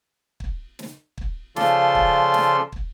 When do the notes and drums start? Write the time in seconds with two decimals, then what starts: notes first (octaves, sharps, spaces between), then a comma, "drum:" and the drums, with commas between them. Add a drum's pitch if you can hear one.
0.40 drum: kick
0.79 drum: snare
1.18 drum: kick
1.56 C#3 F3 F4 A4 D5 C6, drum: snare
1.95 drum: kick
2.34 drum: snare
2.72 drum: kick